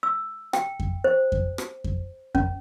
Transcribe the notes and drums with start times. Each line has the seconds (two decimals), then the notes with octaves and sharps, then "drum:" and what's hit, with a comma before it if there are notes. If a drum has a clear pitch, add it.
0.03 E6
0.53 G5, drum: rim click
0.80 drum: kick F2
1.04 C5
1.32 drum: kick F2
1.58 drum: rim click
1.84 drum: kick F2
2.35 C#4, drum: kick F2